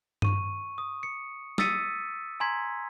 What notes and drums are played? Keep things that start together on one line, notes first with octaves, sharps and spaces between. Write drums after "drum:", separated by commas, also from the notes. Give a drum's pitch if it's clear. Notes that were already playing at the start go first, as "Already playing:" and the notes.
C#6 D#7, drum: tom G2
D#6
C#7
D#6 E6 A6 B6 C#7 D#7, drum: snare
G#5 A#5 C6 G#6 B6